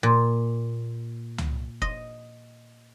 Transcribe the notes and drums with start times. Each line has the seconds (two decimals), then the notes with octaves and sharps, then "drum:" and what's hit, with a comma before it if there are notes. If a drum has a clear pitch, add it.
0.03 A#2
1.38 drum: tom
1.82 D#5, drum: kick F#1